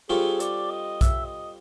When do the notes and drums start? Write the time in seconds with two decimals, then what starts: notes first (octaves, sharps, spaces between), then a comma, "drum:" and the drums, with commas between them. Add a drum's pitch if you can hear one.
0.09 G3 C4 F4 G#4 A4 C#5
0.40 D5, drum: hi-hat
0.70 D#5
1.01 E5, drum: kick B1, hi-hat
1.24 D#5